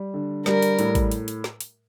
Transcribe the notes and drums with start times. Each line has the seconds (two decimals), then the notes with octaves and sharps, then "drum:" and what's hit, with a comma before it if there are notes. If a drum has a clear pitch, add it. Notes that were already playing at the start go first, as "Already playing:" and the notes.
Already playing: G3
0.14 D3
0.46 G3 A#4, drum: snare
0.62 drum: hi-hat
0.79 A2, drum: hi-hat
0.95 drum: kick A1, hi-hat
1.11 drum: hi-hat
1.28 drum: hi-hat
1.44 drum: snare
1.61 drum: hi-hat